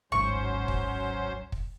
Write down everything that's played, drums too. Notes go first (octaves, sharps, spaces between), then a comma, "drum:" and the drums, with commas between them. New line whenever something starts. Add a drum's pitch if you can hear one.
D1 G#1 G#2 F#3 C#4 C5 C#6
drum: kick
drum: kick